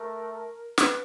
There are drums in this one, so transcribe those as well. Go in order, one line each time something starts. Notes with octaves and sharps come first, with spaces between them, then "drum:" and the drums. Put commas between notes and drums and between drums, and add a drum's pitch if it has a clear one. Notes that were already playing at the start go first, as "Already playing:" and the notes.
Already playing: A3 A#4
B4, drum: snare